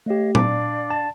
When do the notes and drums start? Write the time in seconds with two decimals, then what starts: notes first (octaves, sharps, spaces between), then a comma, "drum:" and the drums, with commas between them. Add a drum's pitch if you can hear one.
0.06 A3 G4 C#5 D#5 F5
0.35 D4 D5 F5 D6, drum: tom A#2
0.91 A5